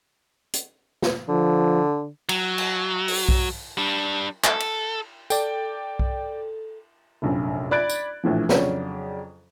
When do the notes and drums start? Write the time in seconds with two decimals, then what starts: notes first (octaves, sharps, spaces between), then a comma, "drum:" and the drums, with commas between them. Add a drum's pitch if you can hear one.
0.53 drum: hi-hat
1.02 drum: snare
1.28 D3 F3
2.29 F#3, drum: cymbal
2.58 drum: cymbal
3.08 drum: open hi-hat
3.29 drum: kick B1
3.77 G3 D4
4.44 A4, drum: clap
4.60 drum: cymbal
5.30 A4 D5 G5, drum: tambourine
5.99 drum: kick B1
7.22 F1 A#1 F#2
7.71 D5 B5 F#6 G#6 A6 D7
7.90 drum: tambourine
8.24 A#1 A2 E3 F3
8.49 F2 C#3 F#3 C#4 D4, drum: snare